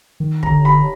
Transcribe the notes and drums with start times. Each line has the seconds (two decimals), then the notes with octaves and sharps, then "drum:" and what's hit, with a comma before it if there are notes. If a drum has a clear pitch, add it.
0.20 D#3
0.43 A#5, drum: kick
0.50 D3
0.65 B5